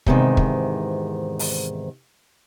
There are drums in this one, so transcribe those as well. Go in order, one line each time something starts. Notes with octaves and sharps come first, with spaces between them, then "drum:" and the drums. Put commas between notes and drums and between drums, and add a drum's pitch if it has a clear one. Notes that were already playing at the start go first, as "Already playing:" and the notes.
E2 G#2 C3 D#3, drum: kick
drum: kick
drum: open hi-hat